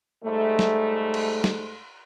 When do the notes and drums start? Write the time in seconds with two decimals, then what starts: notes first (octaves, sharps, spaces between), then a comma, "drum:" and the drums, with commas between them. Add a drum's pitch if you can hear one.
0.24 G#2 G3 A3
0.59 drum: snare
1.14 drum: cymbal
1.44 drum: snare